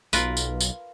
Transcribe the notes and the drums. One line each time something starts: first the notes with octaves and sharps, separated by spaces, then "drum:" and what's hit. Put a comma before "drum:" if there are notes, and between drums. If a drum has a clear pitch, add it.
B1 F4 A#4 B4, drum: tambourine
drum: tambourine
drum: tambourine